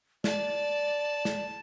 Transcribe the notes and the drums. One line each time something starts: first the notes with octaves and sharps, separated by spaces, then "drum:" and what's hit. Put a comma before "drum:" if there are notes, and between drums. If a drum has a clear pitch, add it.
D5 A5, drum: snare
drum: snare